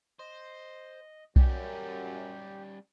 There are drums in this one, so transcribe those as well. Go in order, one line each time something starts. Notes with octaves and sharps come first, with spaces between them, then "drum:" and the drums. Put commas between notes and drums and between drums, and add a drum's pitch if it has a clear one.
C5 D#5
F#2 G3 C#4 G4, drum: kick B1